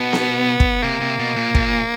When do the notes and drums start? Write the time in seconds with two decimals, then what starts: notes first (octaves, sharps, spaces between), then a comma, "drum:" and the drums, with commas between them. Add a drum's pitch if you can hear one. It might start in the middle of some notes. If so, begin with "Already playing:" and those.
Already playing: B2 B3
0.13 drum: snare B3
0.60 drum: kick
0.83 C3 A#3
1.01 C3
1.19 B2
1.37 A#2
1.55 A#2, drum: kick